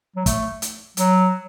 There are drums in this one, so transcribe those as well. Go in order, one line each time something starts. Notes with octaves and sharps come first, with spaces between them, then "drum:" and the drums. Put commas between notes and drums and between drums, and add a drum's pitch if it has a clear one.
F#3
A3, drum: kick, hi-hat
drum: hi-hat
F#3, drum: hi-hat